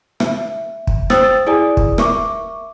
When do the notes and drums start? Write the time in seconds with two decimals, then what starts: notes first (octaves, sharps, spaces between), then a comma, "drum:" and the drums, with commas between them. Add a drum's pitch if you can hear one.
0.20 E5, drum: rim click
0.87 drum: kick
1.10 C5 G5 D#6 E6 A6, drum: rim click
1.47 E4 G#4 D5 G#5 D#6
1.77 drum: kick
1.98 A#4 E5 C#6 D6, drum: rim click